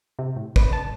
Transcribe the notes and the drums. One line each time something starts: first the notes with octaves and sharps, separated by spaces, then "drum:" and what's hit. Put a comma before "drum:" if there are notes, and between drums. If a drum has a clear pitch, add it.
C3
A2
B4, drum: kick
A5